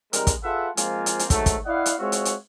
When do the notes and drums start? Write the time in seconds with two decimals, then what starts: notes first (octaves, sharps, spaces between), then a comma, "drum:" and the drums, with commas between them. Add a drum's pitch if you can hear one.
0.13 C3 G3 G#3 D#4 A#4, drum: hi-hat
0.27 drum: kick, hi-hat
0.43 F4 G#4 A4 B4 E5 F#5
0.77 F3 G#3 A#3 C4 F4 G#5, drum: hi-hat
1.06 drum: hi-hat
1.19 drum: hi-hat
1.30 G#2 D#3 F#3 A3, drum: kick, hi-hat
1.46 drum: kick, hi-hat
1.66 E4 D5 D#5 F5 F#5
1.86 drum: hi-hat
1.99 G#3 C4 F4 F#4 C#5 E5
2.12 drum: hi-hat
2.25 drum: hi-hat